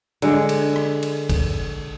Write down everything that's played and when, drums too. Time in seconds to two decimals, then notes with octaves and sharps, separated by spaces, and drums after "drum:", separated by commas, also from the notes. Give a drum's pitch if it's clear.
0.22 D3 G#3, drum: cymbal
0.49 drum: cymbal
0.76 drum: rim click
1.03 drum: cymbal
1.30 drum: kick A1, cymbal